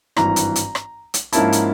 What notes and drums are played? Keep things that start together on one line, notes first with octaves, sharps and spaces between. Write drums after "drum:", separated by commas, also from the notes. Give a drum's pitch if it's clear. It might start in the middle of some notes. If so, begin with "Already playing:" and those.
G#1 G2 E3 A#5, drum: rim click
drum: hi-hat
drum: hi-hat
drum: rim click
drum: hi-hat
G#2 F3 A#3 C#4 E4 A5, drum: hi-hat
drum: hi-hat